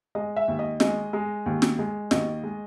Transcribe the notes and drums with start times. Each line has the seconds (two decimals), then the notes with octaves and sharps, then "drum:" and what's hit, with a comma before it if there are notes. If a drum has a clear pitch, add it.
0.15 G#3 D#5
0.36 E5
0.48 D#2
0.59 D#5
0.80 G#3 D#5, drum: snare
1.13 G#3
1.46 D#2
1.62 drum: snare
1.79 G#3
2.11 D#2 D#5, drum: snare
2.44 G#3